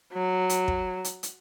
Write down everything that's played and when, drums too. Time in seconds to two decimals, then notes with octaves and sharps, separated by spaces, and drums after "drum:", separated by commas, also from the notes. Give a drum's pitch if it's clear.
0.13 F#3
0.49 drum: hi-hat
0.68 drum: kick
1.04 drum: hi-hat
1.23 drum: hi-hat